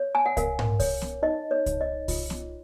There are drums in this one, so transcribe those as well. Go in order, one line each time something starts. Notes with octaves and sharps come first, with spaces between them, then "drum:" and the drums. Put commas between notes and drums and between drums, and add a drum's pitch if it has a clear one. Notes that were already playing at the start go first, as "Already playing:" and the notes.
Already playing: C#5
G#5
F#5
A#4 F5, drum: kick C2, hi-hat
drum: tom G#2
C#5, drum: kick C2, open hi-hat
drum: snare B3
D#4 D#5
C#5
D#4, drum: kick C2, hi-hat
D#5
F4, drum: kick C2, open hi-hat
drum: snare B3